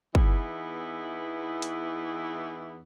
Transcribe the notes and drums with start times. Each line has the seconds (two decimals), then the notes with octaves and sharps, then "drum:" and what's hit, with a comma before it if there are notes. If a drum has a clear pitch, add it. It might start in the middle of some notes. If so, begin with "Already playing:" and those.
0.15 E2 E3 B3 D#4 E4, drum: kick
1.62 drum: hi-hat